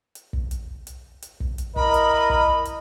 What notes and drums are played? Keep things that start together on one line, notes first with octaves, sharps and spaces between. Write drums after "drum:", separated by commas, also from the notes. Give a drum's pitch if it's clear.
drum: hi-hat
drum: kick
drum: hi-hat
drum: hi-hat
drum: hi-hat
drum: kick
drum: hi-hat
E4 A#4 D#5 B5, drum: kick
drum: hi-hat
drum: kick
drum: hi-hat